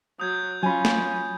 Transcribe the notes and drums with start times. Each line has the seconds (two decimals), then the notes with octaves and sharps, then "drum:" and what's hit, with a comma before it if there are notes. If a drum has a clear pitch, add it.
0.20 F#3 D#6 G6 G#6
0.63 F#3 C#4 F4 G#5 B5
0.85 drum: snare